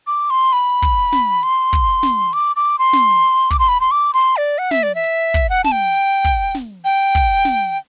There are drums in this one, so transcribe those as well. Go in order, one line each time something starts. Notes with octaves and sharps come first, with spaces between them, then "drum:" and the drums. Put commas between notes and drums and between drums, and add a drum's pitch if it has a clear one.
D6
C6
B5, drum: hi-hat
drum: kick
drum: snare
C6, drum: hi-hat
drum: kick, open hi-hat
drum: snare
D6, drum: hi-hat
D6
C6
drum: snare
D6, drum: kick, open hi-hat
C6
B5
C6
D6
C6, drum: hi-hat
D5
F#5
E5, drum: snare
D5
E5
drum: hi-hat
drum: kick, open hi-hat
F#5
A5, drum: snare
G5
drum: hi-hat
drum: kick, open hi-hat
drum: snare
G5
drum: kick, open hi-hat
drum: snare